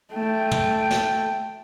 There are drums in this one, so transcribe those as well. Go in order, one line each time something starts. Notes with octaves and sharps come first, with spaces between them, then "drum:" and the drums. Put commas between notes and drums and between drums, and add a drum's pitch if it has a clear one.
A3 G5
drum: tom
drum: snare